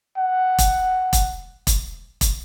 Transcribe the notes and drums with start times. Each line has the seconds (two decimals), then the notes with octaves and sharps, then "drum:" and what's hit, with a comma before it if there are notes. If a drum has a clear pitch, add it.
0.18 F#5
0.58 drum: kick E1, hi-hat
1.13 drum: kick E1, hi-hat
1.67 drum: kick E1, hi-hat
2.21 drum: kick E1, hi-hat